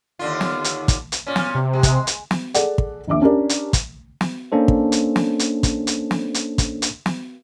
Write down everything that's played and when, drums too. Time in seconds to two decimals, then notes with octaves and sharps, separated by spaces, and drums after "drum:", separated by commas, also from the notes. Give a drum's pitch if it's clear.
0.19 D#2 D3 F4
0.41 drum: snare
0.64 drum: hi-hat
0.88 drum: kick, hi-hat
1.12 drum: hi-hat
1.27 A#2 C#4
1.36 drum: snare
1.55 C3
1.73 G#3
1.83 drum: kick, hi-hat
2.07 drum: hi-hat
2.31 drum: snare
2.54 G#4 A4 D5 F#5, drum: hi-hat
2.78 drum: kick
3.07 A#1 D#2 D4 E5 D6
3.21 C#4 D4 G4 A#4 D5
3.49 drum: hi-hat
3.73 drum: kick, hi-hat
4.21 drum: snare
4.52 A#3 C#4 D4 A4 C5
4.68 drum: kick
4.92 drum: hi-hat
5.16 drum: snare
5.39 drum: hi-hat
5.63 drum: kick, hi-hat
5.87 drum: hi-hat
6.11 drum: snare
6.34 drum: hi-hat
6.58 drum: kick, hi-hat
6.82 drum: hi-hat
7.06 drum: snare